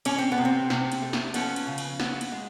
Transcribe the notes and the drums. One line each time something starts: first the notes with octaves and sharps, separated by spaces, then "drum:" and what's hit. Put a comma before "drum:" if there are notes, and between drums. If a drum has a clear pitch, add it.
E3 C#4, drum: cymbal
C4
B3
C3
C4
C3, drum: snare
drum: cymbal
A3
drum: snare
F3 B3 C#4, drum: cymbal
drum: cymbal
C#3
drum: cymbal
B3, drum: snare
drum: cymbal
G#3